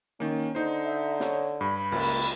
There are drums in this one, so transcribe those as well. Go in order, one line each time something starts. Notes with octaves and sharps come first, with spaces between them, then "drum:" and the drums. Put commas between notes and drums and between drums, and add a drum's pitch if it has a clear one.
D#3 A#3 C#4
D3 D#4 C5
E5
C#5, drum: snare
G2 B5
C#2 A#3, drum: cymbal